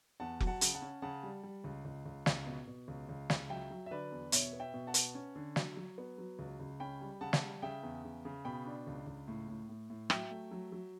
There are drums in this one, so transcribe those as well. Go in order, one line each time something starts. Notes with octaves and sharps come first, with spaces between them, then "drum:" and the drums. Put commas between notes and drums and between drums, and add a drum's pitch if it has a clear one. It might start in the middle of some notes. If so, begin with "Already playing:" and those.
E2 F#5 A5
F#3, drum: kick F1
F#5 A5
C#3, drum: hi-hat
F#5 A5
C#4
C#3 F#5 A5
G3
G3
C#2
C#2
C#2
C#2, drum: snare
B2
B2
C#2
C#2
C#2, drum: snare
F#3 E5 G5
F#3
E5
D3 B4 D5
E2
B2 C#5 E5, drum: hi-hat
B3
E5 G5
B2
F#5 A5
B3, drum: hi-hat
C#4
D3
F#3, drum: snare
F#3
B3
F#3
C#2
C#2
C#4 G5 B5
G3
C#3 F#5 A5
drum: snare
G3
C#3 E5 G5
E2
C#3
C#3
B2 G5 B5
D4
C#2
C#2
A2
A2
A2
A2
F#3 E5 G5, drum: rim click
A3
F#3
F#3